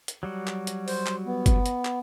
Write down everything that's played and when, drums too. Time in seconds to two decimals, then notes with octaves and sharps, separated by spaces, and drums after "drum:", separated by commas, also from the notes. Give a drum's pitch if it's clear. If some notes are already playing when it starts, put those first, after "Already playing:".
0.08 drum: hi-hat
0.23 F#3 G3 F#4
0.48 drum: clap
0.67 drum: hi-hat
0.88 C5, drum: open hi-hat
1.07 drum: clap
1.26 B3
1.46 drum: kick G1, hi-hat
1.66 drum: hi-hat
1.85 drum: clap